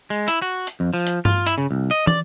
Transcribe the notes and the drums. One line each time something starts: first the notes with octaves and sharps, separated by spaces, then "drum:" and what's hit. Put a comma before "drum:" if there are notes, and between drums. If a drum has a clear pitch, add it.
G#3
E4, drum: hi-hat
F#4
drum: hi-hat
F2
F3
drum: hi-hat
F4, drum: tom G2
E4, drum: hi-hat
C#3
C2
D#5
D5, drum: tom